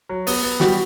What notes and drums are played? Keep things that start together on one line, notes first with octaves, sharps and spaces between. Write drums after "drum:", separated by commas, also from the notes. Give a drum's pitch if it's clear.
F#3
B3, drum: open hi-hat
B3
G3 F#4, drum: snare